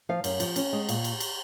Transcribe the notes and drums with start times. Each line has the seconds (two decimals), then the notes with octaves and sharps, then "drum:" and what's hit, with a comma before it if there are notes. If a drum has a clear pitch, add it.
0.09 F3 F5
0.24 F#2, drum: cymbal
0.40 F3, drum: cymbal
0.56 C#4, drum: cymbal
0.73 G#3
0.89 A#2, drum: cymbal
1.04 drum: cymbal
1.20 drum: cymbal